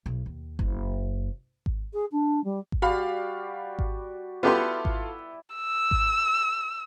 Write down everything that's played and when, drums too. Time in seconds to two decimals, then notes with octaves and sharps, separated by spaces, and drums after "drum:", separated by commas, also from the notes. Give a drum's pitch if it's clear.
0.06 B1
0.26 D#2
0.59 F#1, drum: kick G#1
1.66 drum: kick G#1
1.93 G#4
2.11 D4
2.44 G3
2.72 drum: kick G#1
2.82 G3 F#4 D5 F5 B5
3.79 drum: kick G#1
4.43 B3 E4 F4 G4 A4 B4 D5 C6
4.85 drum: kick G#1
5.56 E6
5.91 drum: kick G#1